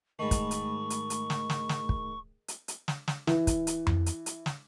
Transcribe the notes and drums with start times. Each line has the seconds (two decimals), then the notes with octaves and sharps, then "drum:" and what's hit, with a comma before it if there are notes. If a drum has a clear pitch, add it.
0.19 G#2 D#3 A3 B5 C#6
0.31 drum: kick, hi-hat
0.51 drum: hi-hat
0.90 drum: hi-hat
1.10 drum: hi-hat
1.30 drum: snare
1.50 drum: snare
1.69 drum: snare
1.89 drum: kick
2.48 drum: hi-hat
2.68 drum: hi-hat
2.88 drum: snare
3.08 drum: snare
3.27 E3, drum: snare
3.47 drum: kick, hi-hat
3.67 drum: hi-hat
3.87 drum: tom F2
4.06 drum: hi-hat
4.26 drum: hi-hat
4.46 drum: snare